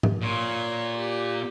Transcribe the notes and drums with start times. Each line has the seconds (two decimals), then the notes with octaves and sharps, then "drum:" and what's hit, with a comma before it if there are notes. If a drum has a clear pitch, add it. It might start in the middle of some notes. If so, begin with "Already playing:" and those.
0.03 drum: tom
0.22 A#2 C#5 C6
0.96 G4